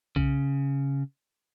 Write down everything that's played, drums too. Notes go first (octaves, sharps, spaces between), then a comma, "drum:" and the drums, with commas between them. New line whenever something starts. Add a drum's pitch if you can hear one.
C#3, drum: kick B1